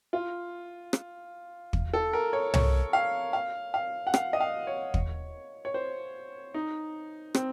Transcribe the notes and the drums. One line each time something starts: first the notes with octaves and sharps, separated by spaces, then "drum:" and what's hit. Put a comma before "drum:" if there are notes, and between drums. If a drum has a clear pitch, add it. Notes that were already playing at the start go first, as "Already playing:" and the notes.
F4
drum: rim click
drum: kick
A4
A#4
C#5
C#5, drum: tom C2
F5
F5
F5
F#5
F5, drum: rim click
D#5
F5
C#5
drum: kick
C#5
C5
D#4
C4, drum: rim click